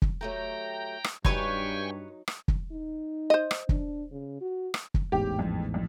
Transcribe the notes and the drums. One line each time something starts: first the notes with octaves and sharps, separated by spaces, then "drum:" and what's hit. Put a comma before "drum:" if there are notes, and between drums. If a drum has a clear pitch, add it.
drum: kick
F#3 A3 G4 G5 A#5
drum: rim click
G2 F#3 D#4 B4 C#5 G5 G#5 C#6, drum: kick
drum: rim click
drum: kick
D#4
C5 D#5
drum: rim click
D4, drum: kick
C#3
F#4
drum: rim click
drum: kick
A1 E2 G#2 G4
F2
F2